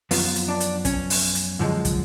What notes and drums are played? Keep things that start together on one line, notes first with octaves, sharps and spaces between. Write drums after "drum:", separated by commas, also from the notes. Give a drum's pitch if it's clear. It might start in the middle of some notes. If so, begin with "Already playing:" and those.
F#2 F3 B3 F4, drum: open hi-hat
drum: hi-hat
D4
drum: hi-hat
C#4, drum: kick, hi-hat
drum: open hi-hat
drum: hi-hat
F#2 D3 F3 G#3
drum: kick, hi-hat